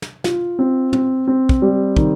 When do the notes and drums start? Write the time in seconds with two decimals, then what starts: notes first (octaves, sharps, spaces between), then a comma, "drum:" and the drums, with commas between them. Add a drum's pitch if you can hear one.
0.02 drum: snare
0.24 F4, drum: snare
0.59 C4
0.93 C4, drum: tom
1.27 C4
1.49 drum: kick
1.62 G3
1.97 D#3, drum: kick